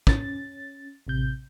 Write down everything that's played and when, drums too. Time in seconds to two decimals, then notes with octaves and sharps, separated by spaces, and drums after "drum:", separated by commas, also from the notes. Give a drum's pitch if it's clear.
0.07 C#4 A6, drum: kick
1.07 A1 C3 G6